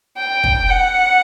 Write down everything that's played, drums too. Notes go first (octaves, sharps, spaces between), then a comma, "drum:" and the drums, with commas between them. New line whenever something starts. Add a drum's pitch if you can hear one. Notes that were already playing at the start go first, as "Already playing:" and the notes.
G5
drum: kick
F#5